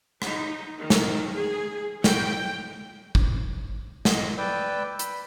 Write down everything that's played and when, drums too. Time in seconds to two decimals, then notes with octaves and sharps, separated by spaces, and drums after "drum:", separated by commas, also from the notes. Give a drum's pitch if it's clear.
0.22 D#4, drum: rim click
0.79 D#3
0.90 drum: snare
1.37 G#4
2.04 G5, drum: snare
3.15 drum: kick
4.05 D#5, drum: snare
4.38 B4 D5 G5 E6
4.99 B5, drum: hi-hat